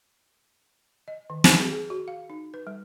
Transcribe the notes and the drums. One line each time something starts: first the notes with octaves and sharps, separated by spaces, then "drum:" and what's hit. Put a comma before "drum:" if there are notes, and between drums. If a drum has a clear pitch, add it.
D#5
D#3
C5, drum: snare
G#4
G#4
F#4
F5
D#4
B4
G3